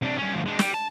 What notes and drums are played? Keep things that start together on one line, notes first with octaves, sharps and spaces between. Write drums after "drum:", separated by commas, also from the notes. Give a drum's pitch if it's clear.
C3 D4
G2 C#4
D2 F3
G#3 D4
G3, drum: snare
A5